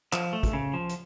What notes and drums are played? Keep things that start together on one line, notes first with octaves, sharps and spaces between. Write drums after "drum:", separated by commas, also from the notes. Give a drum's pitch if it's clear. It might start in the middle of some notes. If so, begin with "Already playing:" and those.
F3, drum: clap
A3
drum: kick, hi-hat
C#3
F3
drum: hi-hat